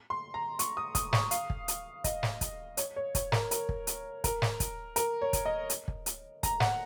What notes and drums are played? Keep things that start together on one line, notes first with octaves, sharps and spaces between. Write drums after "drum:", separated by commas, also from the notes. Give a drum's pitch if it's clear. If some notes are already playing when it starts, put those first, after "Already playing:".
C6
A#5
C#6, drum: hi-hat
D#6
D#6, drum: kick, hi-hat
C#6, drum: snare
F5, drum: hi-hat
drum: kick
drum: hi-hat
D#5, drum: kick, hi-hat
drum: snare
drum: kick, hi-hat
C#5, drum: hi-hat
C#5
C#5, drum: kick, hi-hat
A#4, drum: snare
A#4, drum: hi-hat
drum: kick
drum: hi-hat
A#4, drum: kick, hi-hat
drum: snare
drum: kick, hi-hat
A#4, drum: hi-hat
C#5
drum: kick, hi-hat
D#5
drum: hi-hat
drum: kick
drum: hi-hat
A#5, drum: kick, hi-hat
F#5, drum: snare